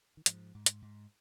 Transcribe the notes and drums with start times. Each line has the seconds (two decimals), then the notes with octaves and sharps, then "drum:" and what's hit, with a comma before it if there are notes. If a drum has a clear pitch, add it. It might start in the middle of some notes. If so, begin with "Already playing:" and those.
0.17 D#3
0.26 G#2 F3, drum: hi-hat
0.55 G#2
0.66 drum: hi-hat
0.82 G#2